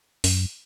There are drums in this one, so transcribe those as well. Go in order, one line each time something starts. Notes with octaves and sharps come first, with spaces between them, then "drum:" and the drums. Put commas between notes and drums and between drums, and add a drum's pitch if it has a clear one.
F#2, drum: open hi-hat